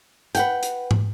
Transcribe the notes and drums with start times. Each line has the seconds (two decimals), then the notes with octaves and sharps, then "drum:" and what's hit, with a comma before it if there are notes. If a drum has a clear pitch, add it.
0.35 B4 F#5 G5, drum: hi-hat
0.63 drum: hi-hat
0.91 drum: tom G#2